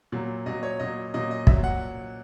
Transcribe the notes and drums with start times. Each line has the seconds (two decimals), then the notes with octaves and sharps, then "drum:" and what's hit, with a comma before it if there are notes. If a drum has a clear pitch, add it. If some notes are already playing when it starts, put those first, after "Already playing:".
0.12 A#2 F#3
0.46 A#2 F#3 D#5
0.63 C#5
0.80 A#2 F#3 D#5
1.14 A#2 F#3 D#5
1.31 D#5
1.47 A#2 F#3 E5, drum: kick
1.64 F#5